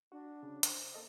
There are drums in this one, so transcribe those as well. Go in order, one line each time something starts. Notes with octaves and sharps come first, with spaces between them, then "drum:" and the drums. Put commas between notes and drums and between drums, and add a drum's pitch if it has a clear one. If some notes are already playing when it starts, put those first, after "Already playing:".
D4 F#4
C#3
C5, drum: hi-hat
A#3 A4 D#5